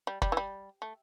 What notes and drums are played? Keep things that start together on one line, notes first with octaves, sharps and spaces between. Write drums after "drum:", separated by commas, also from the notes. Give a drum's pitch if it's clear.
G3
G3, drum: kick
E3
G3
A3